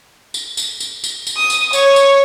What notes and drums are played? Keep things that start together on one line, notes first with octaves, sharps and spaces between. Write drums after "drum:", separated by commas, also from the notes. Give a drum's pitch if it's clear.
drum: tambourine
drum: tambourine
drum: tambourine
drum: tambourine
drum: tambourine
D#6
drum: tambourine
C#5, drum: tambourine
drum: tambourine